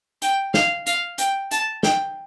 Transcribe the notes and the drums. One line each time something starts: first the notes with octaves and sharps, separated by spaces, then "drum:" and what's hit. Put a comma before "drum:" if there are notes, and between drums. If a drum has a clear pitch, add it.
G5, drum: hi-hat
F5, drum: snare
F5, drum: hi-hat
G5, drum: hi-hat
A5, drum: hi-hat
G5, drum: snare